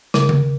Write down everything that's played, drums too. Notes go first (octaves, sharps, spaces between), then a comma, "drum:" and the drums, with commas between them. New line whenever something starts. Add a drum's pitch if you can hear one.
C#3, drum: snare
drum: tom C#3